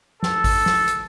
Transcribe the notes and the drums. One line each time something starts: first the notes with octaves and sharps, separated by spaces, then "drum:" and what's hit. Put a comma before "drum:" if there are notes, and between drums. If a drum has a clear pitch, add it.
A4, drum: snare
drum: kick G#1, open hi-hat
drum: snare
drum: hi-hat